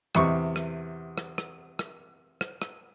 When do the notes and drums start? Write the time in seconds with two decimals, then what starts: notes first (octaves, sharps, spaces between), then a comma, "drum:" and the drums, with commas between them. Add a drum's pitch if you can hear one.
0.15 E2 C3 C#6, drum: rim click
0.56 drum: rim click
1.18 drum: rim click
1.38 drum: rim click
1.79 drum: rim click
2.41 drum: rim click
2.62 drum: rim click